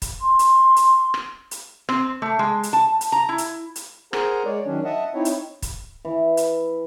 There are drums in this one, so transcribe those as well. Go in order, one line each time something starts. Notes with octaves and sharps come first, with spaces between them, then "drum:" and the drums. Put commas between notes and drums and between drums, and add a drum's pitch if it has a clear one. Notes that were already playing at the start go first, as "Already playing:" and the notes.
drum: kick, hi-hat
C6
drum: hi-hat
drum: hi-hat
drum: rim click
drum: hi-hat
C4, drum: rim click
A3
G#3
drum: hi-hat
A5
drum: hi-hat
A#5
E4
drum: hi-hat
drum: hi-hat
G#4 A#4 C5 F#5 G#5 A#5, drum: rim click
G#3 C#5 D5
D#3 F#3 C#4 D4
D#5 E5 F#5 A5
C4 D#4 E4 C#5
drum: hi-hat
drum: kick, hi-hat
E3
drum: hi-hat